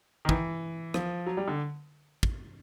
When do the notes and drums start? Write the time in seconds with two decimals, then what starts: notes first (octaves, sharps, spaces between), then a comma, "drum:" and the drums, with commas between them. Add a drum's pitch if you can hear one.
0.25 D#3
0.29 E3, drum: kick
0.94 F3, drum: rim click
1.26 F#3
1.37 G3
1.48 D3
2.23 drum: kick